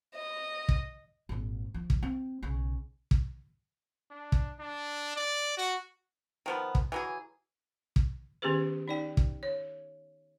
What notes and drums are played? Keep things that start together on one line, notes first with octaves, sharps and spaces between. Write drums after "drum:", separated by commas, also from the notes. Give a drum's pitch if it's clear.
D#5
drum: kick
G#1 A#2
F3
drum: kick
C4
B1 C#3
drum: kick
D4
drum: kick
D4
D5
F#4
D#3 F3 B3
drum: kick
E3 F#3 G#4
drum: kick
D#3 B3 C#4 G4 G#4 B4
D#4 D5 G5
drum: kick
C#5